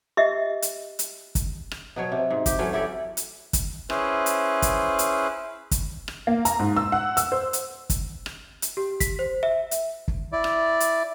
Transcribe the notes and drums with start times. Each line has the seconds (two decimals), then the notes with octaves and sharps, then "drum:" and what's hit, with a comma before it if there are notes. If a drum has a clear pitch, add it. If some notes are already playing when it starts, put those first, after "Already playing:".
0.17 G4 D#5 E5
0.62 drum: hi-hat
0.99 drum: hi-hat
1.35 drum: kick, hi-hat
1.71 drum: rim click
1.96 B2 F#3 C#5
2.12 C3
2.30 G#2
2.46 G4, drum: kick, hi-hat
2.59 E3 F#3 A3 C#4
2.73 E4 G4 A4 D5
3.17 drum: hi-hat
3.53 drum: kick, hi-hat
3.90 C#4 E4 G#4 B4 C5, drum: rim click
4.26 drum: hi-hat
4.62 drum: kick, hi-hat
4.99 drum: hi-hat
5.71 drum: kick, hi-hat
6.08 drum: rim click
6.27 A#3
6.45 A#5, drum: hi-hat
6.59 G#2
6.77 E6
6.92 F#5
7.17 E6, drum: hi-hat
7.32 C5
7.53 drum: hi-hat
7.90 drum: kick, hi-hat
8.26 drum: rim click
8.62 drum: hi-hat
8.77 G4
9.00 B6, drum: kick, hi-hat
9.19 C5
9.43 E5
9.71 drum: hi-hat
10.08 drum: kick
10.32 E4 D5
10.44 drum: rim click
10.80 drum: hi-hat